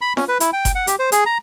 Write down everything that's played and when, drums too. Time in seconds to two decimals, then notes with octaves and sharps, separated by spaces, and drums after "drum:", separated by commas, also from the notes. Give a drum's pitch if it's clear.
0.01 B5
0.17 C#4, drum: snare
0.29 B4
0.40 E4, drum: hi-hat
0.53 G5
0.65 drum: kick F#1, hi-hat
0.75 F#5
0.87 G4, drum: hi-hat
0.99 C5
1.12 G#4, drum: hi-hat
1.26 A#5